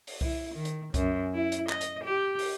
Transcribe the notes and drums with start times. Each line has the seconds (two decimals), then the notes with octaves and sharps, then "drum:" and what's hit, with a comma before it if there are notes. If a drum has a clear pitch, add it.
0.07 drum: open hi-hat
0.21 E4, drum: kick C2
0.55 D#3
0.65 drum: hi-hat
0.94 F#2, drum: kick C2, hi-hat
1.34 E4
1.52 drum: hi-hat
1.69 D#5, drum: clap
1.81 drum: hi-hat
2.04 G4
2.39 drum: open hi-hat